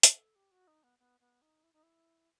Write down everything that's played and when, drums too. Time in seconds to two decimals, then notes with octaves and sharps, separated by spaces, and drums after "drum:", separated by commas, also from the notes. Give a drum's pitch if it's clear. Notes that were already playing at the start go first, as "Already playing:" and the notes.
0.03 drum: hi-hat
0.14 A4
0.36 G4
0.51 F#4
0.67 D#4
0.83 B3
0.99 B3
1.20 B3
1.42 D#4
1.63 E4
1.73 D#4
1.83 E4